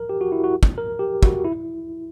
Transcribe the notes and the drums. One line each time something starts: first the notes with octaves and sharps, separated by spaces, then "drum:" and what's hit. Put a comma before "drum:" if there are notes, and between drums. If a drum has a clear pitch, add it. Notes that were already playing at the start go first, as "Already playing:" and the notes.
Already playing: A#4
G4
F#4
E4
F#4
drum: kick
A#4
G4
F#4, drum: kick
E4